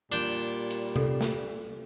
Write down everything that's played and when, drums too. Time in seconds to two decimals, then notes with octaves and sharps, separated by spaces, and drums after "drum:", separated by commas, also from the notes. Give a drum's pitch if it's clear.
0.12 A#2 G3 D4 G5
0.71 drum: hi-hat
0.96 A4, drum: tom C3
1.21 drum: snare